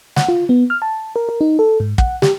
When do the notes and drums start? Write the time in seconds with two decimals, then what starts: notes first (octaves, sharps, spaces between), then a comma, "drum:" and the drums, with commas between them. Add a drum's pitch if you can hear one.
0.16 F#5, drum: snare
0.28 F4
0.49 B3
0.70 F6
0.82 A5
1.16 A#4
1.29 A#4
1.41 D#4
1.59 A4
1.80 G#2
1.98 F#5, drum: kick
2.22 G4, drum: snare